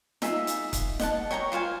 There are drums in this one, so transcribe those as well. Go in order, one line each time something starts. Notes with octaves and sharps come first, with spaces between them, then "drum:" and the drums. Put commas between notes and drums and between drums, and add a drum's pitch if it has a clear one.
D#4 F4 G#4 E5, drum: snare
drum: hi-hat
drum: kick, hi-hat
D#5 F#5 A5, drum: snare
C#5 G5 A#5 C#6
F4 C5 F5 G#5